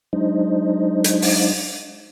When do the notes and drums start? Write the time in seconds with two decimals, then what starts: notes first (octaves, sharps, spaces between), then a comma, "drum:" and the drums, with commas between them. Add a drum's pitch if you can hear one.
0.13 F#3 G#3 D4 D#4 C5 D#5
1.04 drum: hi-hat
1.22 drum: open hi-hat